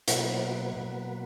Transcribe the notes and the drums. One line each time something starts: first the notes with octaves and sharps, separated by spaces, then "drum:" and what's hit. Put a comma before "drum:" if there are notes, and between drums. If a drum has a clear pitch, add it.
B2 F#3 A#3 B4, drum: hi-hat
B2 F#3 A#3 B4